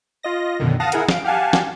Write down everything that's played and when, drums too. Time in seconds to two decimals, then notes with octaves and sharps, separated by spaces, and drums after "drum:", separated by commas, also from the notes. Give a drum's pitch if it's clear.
0.23 F4 D#5 A#6
0.60 F#2 B2 D3 D#3
0.80 F5 F#5 A5 D#6 A#6
0.92 E4 G#4 A#4 F#5, drum: hi-hat
1.09 F5 D7, drum: snare
1.24 G4 F5 F#5 G#5 A5
1.53 drum: snare